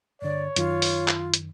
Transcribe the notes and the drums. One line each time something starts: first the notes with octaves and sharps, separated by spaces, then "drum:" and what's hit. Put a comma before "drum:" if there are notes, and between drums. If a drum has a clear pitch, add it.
G2 D3 C#5 D5
F#2 D#3 F4, drum: hi-hat
drum: open hi-hat
drum: clap
drum: hi-hat